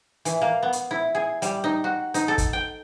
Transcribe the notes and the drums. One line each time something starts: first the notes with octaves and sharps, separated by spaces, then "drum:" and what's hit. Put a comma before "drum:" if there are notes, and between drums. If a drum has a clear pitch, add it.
E3, drum: hi-hat
A#3
B3
drum: hi-hat
E4
G#4
G3, drum: hi-hat
D#4
F#4
D#4, drum: hi-hat
A4
drum: kick, hi-hat
G5